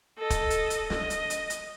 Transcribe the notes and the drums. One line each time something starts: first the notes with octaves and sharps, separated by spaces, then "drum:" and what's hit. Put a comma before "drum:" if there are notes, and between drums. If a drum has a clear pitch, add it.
A4 D#5
drum: kick, hi-hat
drum: hi-hat
drum: hi-hat
D#5, drum: snare
drum: hi-hat
drum: hi-hat
drum: hi-hat